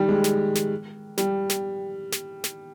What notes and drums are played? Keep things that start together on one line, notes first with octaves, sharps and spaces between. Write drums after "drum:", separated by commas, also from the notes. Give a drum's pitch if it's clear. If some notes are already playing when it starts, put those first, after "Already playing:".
Already playing: D#3 G3
G#3
drum: snare
drum: snare
G3, drum: snare
drum: snare
drum: snare
drum: snare